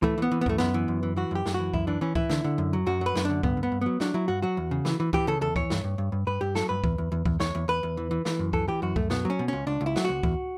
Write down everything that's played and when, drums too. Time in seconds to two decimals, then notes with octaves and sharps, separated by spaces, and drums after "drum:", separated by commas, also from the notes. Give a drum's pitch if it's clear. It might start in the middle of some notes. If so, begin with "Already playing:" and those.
0.03 E3 A3, drum: kick C#2
0.18 E3 B3
0.31 E3
0.41 B3
0.46 F#2 A3, drum: kick C#2
0.58 F#2 B3, drum: snare
0.74 E3
0.88 F#2
1.03 E3
1.16 E3 F#4
1.31 F#2 G4
1.46 F#2, drum: snare
1.54 E3 F#4
1.73 F#2 E4, drum: kick C#2
1.87 E3 D4
2.01 E3 C#4
2.15 E3 E4, drum: kick C#2
2.29 D3, drum: snare
2.44 D3
2.58 F#2
2.73 F#3
2.86 F#2 F#4
3.01 F#3 B4
3.15 F#2, drum: snare
3.25 D3 D4
3.43 G2 B3, drum: kick C#2
3.57 G2
3.63 B3
3.72 G2
3.81 F#3 B3
4.00 F#3 D4, drum: snare
4.14 F#3 E4
4.28 G2 F#4
4.42 F#3 F#4
4.57 E2
4.71 C#3
4.85 E3, drum: snare
5.00 E3
5.13 E3 G4, drum: kick C#2
5.27 C#3 A4
5.41 E2 A4
5.56 E3 C#5, drum: kick C#2
5.70 G2, drum: snare
5.84 G2
5.98 G2
6.12 G2
6.27 G2 B4
6.41 G2 G4
6.55 F#3 A4, drum: snare
6.69 G2 B4
6.84 E2, drum: kick C#2
6.98 E2
7.12 E2
7.25 E2, drum: kick C#2
7.40 E2 C#5, drum: snare
7.55 E2
7.68 E2 B4
7.83 E2
7.97 E3
8.11 E3
8.25 E3, drum: snare
8.39 F#2
8.53 E3 A4, drum: kick C#2
8.68 E3 G4
8.82 F#2 F#4
8.96 F#2 A3, drum: kick C#2
9.10 B2 B3, drum: snare
9.25 F#3 C#4
9.39 B2
9.48 C#2 C#4
9.67 C#2 D4
9.81 C#2
9.86 E4
9.96 F#3, drum: snare
10.05 C#2 F#4
10.23 E2, drum: kick C#2